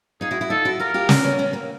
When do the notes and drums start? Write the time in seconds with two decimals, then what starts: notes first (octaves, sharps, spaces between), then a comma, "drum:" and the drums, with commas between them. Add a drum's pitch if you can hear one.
0.21 D#4 F4 G#4
0.31 E4 F#4
0.41 E4 F#4
0.50 D#4 F4 A4
0.65 E4 F#4
0.79 F4 G4 A#4
0.94 F4 G4
1.09 C4 D4, drum: snare
1.24 B3 C#4
1.39 B3 C#4
1.53 A#3 C4